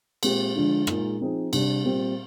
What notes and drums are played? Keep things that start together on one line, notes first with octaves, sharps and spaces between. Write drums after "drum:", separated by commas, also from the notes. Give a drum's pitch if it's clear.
A#2 G#3 C4 G4, drum: cymbal
D3 F3 G#3 D4
A#2 G#3 D#4 G#4, drum: rim click
F3 C4 D#4 G#4
C3 G3 D4, drum: cymbal
A#2 G3 C4